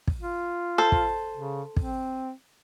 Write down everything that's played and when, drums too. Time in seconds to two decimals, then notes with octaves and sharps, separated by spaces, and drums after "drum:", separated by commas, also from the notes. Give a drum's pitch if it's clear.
0.07 drum: kick
0.21 F4
0.78 A4 C5
0.92 drum: kick
1.37 C#3
1.77 C4, drum: kick